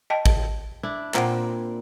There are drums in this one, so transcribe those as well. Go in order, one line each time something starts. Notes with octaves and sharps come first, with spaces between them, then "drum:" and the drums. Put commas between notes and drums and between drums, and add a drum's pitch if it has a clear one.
D#5 G5 A5
drum: kick
D4 E4
A#2 C4 F#5 G5 A#5, drum: clap